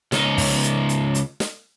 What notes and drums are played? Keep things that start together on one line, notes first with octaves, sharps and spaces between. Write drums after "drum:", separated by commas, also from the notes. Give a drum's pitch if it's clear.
C#2 D#4, drum: snare
drum: kick, open hi-hat
drum: hi-hat
drum: hi-hat
drum: hi-hat
drum: snare